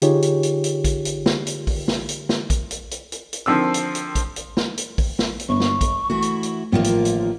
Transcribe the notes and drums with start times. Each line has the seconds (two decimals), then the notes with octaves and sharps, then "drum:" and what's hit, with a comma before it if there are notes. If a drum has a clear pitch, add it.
0.02 D3 D#4 F4 G4 G#4 C#5, drum: hi-hat
0.22 drum: hi-hat
0.43 drum: hi-hat
0.64 drum: hi-hat
0.84 drum: kick A#1, hi-hat
1.05 drum: hi-hat
1.26 drum: snare
1.47 drum: hi-hat
1.67 drum: kick A#1, open hi-hat
1.88 drum: snare
2.09 drum: hi-hat
2.29 drum: snare
2.50 drum: kick A#1, hi-hat
2.71 drum: hi-hat
2.91 drum: hi-hat
3.12 drum: hi-hat
3.33 drum: hi-hat
3.46 D3 D#3 F3 C4 E6
3.74 drum: hi-hat
3.95 drum: hi-hat
4.15 drum: kick A#1, hi-hat
4.36 drum: hi-hat
4.57 drum: snare
4.77 drum: hi-hat
4.98 drum: kick A#1, open hi-hat
5.19 drum: snare
5.40 drum: hi-hat
5.49 G1 C#6
5.60 drum: snare
5.81 drum: kick A#1, hi-hat
6.10 E3 A3 E4 F#4
6.22 drum: hi-hat
6.43 drum: hi-hat
6.72 A1 D#3 F3 A#3 F4
6.84 drum: hi-hat
7.05 drum: hi-hat